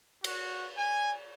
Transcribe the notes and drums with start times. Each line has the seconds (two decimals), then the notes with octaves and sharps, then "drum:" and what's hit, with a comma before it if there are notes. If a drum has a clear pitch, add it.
0.24 F#4, drum: cymbal
0.77 G#5